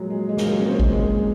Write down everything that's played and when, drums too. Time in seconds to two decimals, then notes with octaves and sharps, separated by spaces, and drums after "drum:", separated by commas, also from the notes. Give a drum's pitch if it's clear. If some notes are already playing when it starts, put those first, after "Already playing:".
Already playing: A#2 F3 F#3 G#3
0.10 G#3
0.29 G#3
0.37 A#2 F3 F#3 A#3, drum: snare
0.59 C#4
0.65 G#3 C4
0.80 drum: kick G#1
0.93 G#3 C4